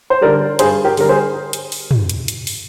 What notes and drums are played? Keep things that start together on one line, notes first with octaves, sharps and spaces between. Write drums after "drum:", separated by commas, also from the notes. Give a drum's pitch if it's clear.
C5
D3 G3 A#4 D5
G2 G#4 C5, drum: hi-hat
G4 A#4
D3 G3 A#4, drum: open hi-hat
G#4 C5
drum: hi-hat
drum: open hi-hat
drum: tom
drum: hi-hat
drum: hi-hat
drum: open hi-hat